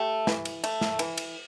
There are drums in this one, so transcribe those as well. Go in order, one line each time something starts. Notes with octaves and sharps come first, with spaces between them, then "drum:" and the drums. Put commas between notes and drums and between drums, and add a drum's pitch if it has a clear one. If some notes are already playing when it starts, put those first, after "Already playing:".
Already playing: A3 G4
E3, drum: snare
drum: cymbal
A3, drum: cymbal
drum: snare
E3, drum: cymbal
drum: cymbal